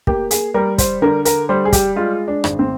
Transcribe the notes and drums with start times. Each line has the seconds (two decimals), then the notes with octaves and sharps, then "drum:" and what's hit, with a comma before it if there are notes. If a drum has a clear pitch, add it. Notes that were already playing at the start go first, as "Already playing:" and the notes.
0.07 A#3 G4, drum: kick
0.31 G#4, drum: hi-hat
0.54 G3 A#4
0.78 C5, drum: kick, hi-hat
1.02 D3 A#4
1.25 A#4, drum: hi-hat
1.49 G3 C5
1.65 G#4
1.73 G4, drum: kick, hi-hat
1.96 G#3 F4
2.28 D4
2.44 G#1, drum: rim click
2.59 C4